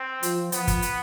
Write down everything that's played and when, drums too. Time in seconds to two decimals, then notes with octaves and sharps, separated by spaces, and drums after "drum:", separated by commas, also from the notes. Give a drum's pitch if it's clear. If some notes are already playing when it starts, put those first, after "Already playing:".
Already playing: C4
0.23 F3, drum: hi-hat
0.52 F3 B3, drum: hi-hat
0.68 drum: kick, hi-hat
0.82 drum: hi-hat